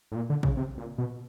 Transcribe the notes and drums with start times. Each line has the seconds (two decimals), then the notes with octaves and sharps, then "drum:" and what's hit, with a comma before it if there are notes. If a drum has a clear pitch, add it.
0.12 A2
0.16 A#2
0.30 D3
0.43 C#3, drum: kick
0.57 C3
0.77 A#2
0.98 B2